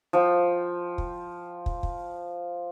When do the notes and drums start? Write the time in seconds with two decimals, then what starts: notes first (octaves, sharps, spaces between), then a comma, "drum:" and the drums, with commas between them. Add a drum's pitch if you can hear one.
0.13 F3 G5
0.98 drum: kick
1.66 drum: kick
1.83 drum: kick